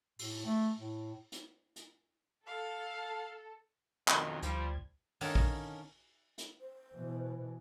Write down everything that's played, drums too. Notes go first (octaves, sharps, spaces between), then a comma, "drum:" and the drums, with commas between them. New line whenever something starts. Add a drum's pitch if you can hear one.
A2, drum: open hi-hat
A3
A2
drum: hi-hat
drum: hi-hat
A4 F5
B1 F2 D#3, drum: clap
D2 F3 G3 G#6, drum: hi-hat
D3 D#3 A#3 C#4 A4 A#4, drum: open hi-hat
drum: kick A#1
drum: hi-hat
C5
B2 E3